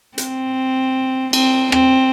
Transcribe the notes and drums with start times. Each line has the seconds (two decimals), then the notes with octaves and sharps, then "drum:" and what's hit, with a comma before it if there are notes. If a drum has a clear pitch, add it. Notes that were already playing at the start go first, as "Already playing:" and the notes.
0.18 C4, drum: hi-hat
1.33 C4, drum: cymbal
1.72 C4, drum: rim click